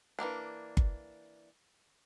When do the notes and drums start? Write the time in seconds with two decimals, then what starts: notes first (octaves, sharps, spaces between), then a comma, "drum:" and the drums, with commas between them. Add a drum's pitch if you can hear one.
0.19 E3 G#3 A#3 D4
0.77 drum: kick G1